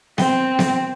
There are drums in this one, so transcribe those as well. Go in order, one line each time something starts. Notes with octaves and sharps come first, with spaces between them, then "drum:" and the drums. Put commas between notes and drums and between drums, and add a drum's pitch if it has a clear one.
C4 G5, drum: snare B3
drum: snare B3